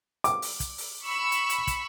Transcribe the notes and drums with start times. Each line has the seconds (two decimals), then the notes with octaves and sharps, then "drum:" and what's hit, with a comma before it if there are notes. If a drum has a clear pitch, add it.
0.24 D6, drum: hi-hat
0.42 drum: open hi-hat
0.60 drum: kick, hi-hat
0.78 drum: open hi-hat
1.03 B5 C#6 E6
1.32 drum: hi-hat
1.50 drum: hi-hat
1.67 drum: kick, hi-hat